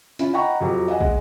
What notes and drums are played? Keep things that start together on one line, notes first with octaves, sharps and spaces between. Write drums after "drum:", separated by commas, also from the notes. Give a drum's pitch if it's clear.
C#4 E4 F4, drum: hi-hat
D#5 F#5 G5 A#5 B5 C#6
F2 F#3 F4 G4
D#5 E5 F#5 G#5
G#3, drum: kick